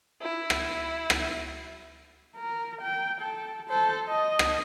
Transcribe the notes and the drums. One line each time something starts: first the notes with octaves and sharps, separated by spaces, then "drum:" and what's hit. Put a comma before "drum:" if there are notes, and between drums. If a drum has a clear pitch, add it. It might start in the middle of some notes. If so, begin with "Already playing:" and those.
E4
drum: rim click
drum: rim click
A#4
G5
A4
A4 C5
D#5
drum: rim click